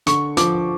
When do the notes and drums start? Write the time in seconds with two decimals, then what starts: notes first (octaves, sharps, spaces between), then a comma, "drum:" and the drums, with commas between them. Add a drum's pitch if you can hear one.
0.06 D3 C#6, drum: hi-hat
0.37 F3 D6, drum: hi-hat